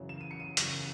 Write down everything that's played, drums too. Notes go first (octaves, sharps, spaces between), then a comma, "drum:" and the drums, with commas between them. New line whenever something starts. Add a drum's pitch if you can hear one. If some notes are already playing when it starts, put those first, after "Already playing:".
Already playing: F#2 C#3 E3
E7
D#7
C#7
D#7
F#2 C#3 E3 D#7, drum: hi-hat